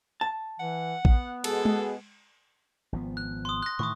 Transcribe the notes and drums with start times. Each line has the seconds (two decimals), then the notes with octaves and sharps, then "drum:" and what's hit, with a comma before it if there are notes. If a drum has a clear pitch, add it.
0.21 A5
0.60 E3 F#5
1.05 B3, drum: kick
1.44 B2 G#3 G#4 A4, drum: cymbal
1.65 drum: tom G#3
2.92 G#1 F3 B3
3.17 F#6
3.45 C6 D#6
3.63 F#6 A#6
3.79 A2 D#3 E3 C#6 D#6